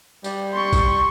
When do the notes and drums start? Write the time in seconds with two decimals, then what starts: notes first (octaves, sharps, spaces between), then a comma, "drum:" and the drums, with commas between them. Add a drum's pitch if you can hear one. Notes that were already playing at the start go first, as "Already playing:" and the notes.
0.24 G3, drum: tambourine
0.53 C6 C#6
0.73 drum: kick, tambourine